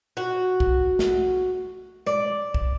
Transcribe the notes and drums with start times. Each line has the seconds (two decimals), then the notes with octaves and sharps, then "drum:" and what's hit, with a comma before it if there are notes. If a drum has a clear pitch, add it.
0.17 F#4
0.60 drum: kick B1
0.99 drum: snare
2.07 D5, drum: tom G#3
2.54 drum: kick B1